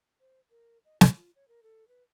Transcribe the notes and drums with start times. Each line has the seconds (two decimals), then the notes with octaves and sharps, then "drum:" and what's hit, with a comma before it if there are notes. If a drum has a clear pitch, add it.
0.20 C5
0.51 A#4
0.85 D#5
1.01 F4, drum: snare
1.16 F4
1.36 C#5
1.48 A#4
1.63 A4
1.88 B4